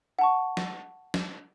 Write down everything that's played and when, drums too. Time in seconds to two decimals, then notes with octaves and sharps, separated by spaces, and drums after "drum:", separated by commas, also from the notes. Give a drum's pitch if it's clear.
0.19 F#5 A5 C#6
0.57 drum: snare
1.14 drum: snare